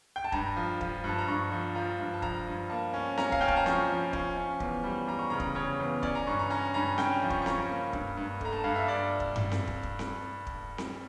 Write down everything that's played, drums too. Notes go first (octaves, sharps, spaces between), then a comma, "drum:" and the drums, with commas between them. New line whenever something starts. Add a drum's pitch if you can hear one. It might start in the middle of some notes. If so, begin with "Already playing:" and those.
G5
A5
G2 A#5, drum: kick
F3
F3, drum: kick
G2 A5
A#5
G2 C#6
F3
F3 A#5
G2
A5
F3 A#5, drum: kick
G2
A#3 A5
C#4
C#4 A#5, drum: snare C4
F5, drum: kick
C#4 G5
A5, drum: kick
A#5
F3 C#6, drum: snare C4
F3
C#4, drum: kick
C#4
E2, drum: kick
G3
G3 A#5
C#6
C#3 A#5
drum: kick
C#3 C#5
E2
C#4 D5, drum: kick
A#5
G2 C#6
A#5
C#4 A#5
G2 A#5
C#4 G5, drum: snare C4
F3
C#6, drum: kick
C#6
C#4 A#5, drum: snare C4
A#3
G2, drum: kick
G2
A3 A#5, drum: kick
A5
G2 F5
E5
G2 D5
drum: kick
drum: tom G2
drum: snare C4
drum: kick
drum: kick
drum: snare C4
drum: kick
drum: snare C4